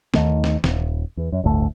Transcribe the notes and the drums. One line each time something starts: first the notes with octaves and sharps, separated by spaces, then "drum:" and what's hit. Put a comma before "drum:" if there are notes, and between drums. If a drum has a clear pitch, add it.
D#2 D#3 A3, drum: snare
drum: snare
D#1, drum: snare
E2
F#2
D1 G1 D2 A3